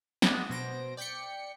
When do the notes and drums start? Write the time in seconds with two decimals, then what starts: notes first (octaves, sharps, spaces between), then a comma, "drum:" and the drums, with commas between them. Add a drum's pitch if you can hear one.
0.22 G#3 B3 D5 D#5 F#5, drum: snare
0.50 B2 C5 A#6 D7
0.97 D5 G5 G6 B6 C#7